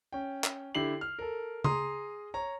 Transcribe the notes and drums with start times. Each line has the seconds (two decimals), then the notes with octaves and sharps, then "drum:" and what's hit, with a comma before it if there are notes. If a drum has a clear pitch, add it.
0.12 C#4 G5
0.44 drum: clap
0.75 D3 E4 G4 C7 F#7
1.01 F6
1.19 A4 A#4
1.64 G#4 A#5 C6 D#6, drum: tom C#3
2.34 C#5 A#5